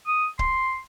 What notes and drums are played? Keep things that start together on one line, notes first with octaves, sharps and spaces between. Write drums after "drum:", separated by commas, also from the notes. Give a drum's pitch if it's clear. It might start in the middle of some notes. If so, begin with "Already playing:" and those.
D#6
C6, drum: kick C#1